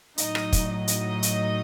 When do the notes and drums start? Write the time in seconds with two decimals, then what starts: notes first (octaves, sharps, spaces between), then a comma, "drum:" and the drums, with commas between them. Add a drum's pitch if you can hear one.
0.18 A2 F#3 D#4 D#5, drum: hi-hat
0.35 drum: rim click
0.52 drum: kick, hi-hat
0.70 D#4 D#5
0.88 drum: hi-hat
1.23 drum: hi-hat